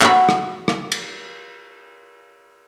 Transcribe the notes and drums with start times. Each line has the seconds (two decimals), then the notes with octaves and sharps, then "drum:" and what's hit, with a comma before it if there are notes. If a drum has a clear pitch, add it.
0.01 F#4 B5, drum: clap
0.29 drum: rim click
0.68 drum: rim click
0.92 drum: cymbal